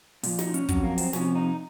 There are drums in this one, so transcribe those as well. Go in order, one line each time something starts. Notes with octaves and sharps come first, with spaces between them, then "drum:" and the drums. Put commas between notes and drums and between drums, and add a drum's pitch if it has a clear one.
A#2 F3, drum: open hi-hat
D#4, drum: snare
C#4, drum: hi-hat
F2 D#3 F#3 C#4, drum: kick, hi-hat
A#3
C4, drum: open hi-hat
F2 C3 F3 C#4, drum: snare
D#4